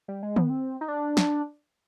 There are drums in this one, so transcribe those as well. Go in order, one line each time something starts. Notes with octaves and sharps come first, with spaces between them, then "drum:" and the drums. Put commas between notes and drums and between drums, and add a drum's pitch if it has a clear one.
G3
G#3
B3, drum: tom
C4
D#4
D4
drum: snare